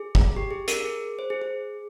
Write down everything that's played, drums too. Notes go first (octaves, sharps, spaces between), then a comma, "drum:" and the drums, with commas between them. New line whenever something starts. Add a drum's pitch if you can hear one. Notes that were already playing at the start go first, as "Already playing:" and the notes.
Already playing: G#4
drum: kick
G4
G#4
A#4, drum: hi-hat
G#4
C5
G#4
G#4